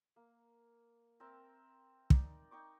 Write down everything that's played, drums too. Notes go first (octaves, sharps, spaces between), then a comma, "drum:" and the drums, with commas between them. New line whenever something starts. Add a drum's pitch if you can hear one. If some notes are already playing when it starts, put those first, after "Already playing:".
A#3
C4 A#4 E5 A5
D#4 D5, drum: kick
D#4 G5 C#6 D6